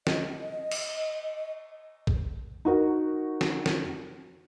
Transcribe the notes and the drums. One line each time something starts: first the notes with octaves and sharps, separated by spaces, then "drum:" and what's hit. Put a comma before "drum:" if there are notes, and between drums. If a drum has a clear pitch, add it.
D#5, drum: snare
drum: cymbal
drum: kick A1
D#4 F#4 A#4
drum: snare
drum: snare